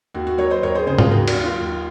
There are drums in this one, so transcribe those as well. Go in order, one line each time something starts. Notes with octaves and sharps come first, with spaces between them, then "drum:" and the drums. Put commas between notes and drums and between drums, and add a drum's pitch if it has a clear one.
D#2 F#4
F#4
F#3 A#4 C#5
C5 D#5
D#2 A#4 C#5
G#4 C5
C#3 G#4 C5
F4 G#4, drum: tom G#2
D#2 F#4 A#4
F#4, drum: cymbal
F#3
F4
D#2